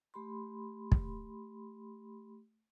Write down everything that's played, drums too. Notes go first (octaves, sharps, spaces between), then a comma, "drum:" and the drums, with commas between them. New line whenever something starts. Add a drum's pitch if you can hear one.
A3 G4 B5 C6
drum: kick